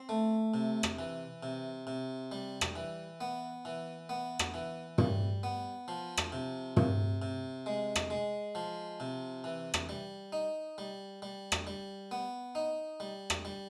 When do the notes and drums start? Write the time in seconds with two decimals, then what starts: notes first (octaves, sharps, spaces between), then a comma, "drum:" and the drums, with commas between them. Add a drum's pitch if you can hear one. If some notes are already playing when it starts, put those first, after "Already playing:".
Already playing: C4
0.09 A3
0.54 C3
0.83 drum: rim click
0.99 E3
1.43 C3
1.87 C3
2.32 G3
2.61 drum: rim click
2.76 E3
3.21 B3
3.65 E3
4.09 B3
4.39 drum: rim click
4.54 E3
4.98 G3, drum: tom
5.43 B3
5.88 F3
6.17 drum: rim click
6.32 C3
6.77 C3, drum: tom
7.22 C3
7.66 G#3
7.96 drum: rim click
8.10 G#3
8.55 F3
9.00 C3
9.44 E3
9.74 drum: rim click
9.89 G3
10.32 D#4
10.78 G3
11.22 G3
11.52 drum: rim click
11.67 G3
12.11 B3
12.55 D#4
13.00 G3
13.30 drum: rim click
13.45 G3